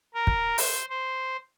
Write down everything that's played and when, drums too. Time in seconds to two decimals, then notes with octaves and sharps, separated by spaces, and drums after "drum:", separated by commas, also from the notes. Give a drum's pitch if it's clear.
0.14 A#4
0.27 drum: kick
0.58 C5, drum: open hi-hat
0.90 C5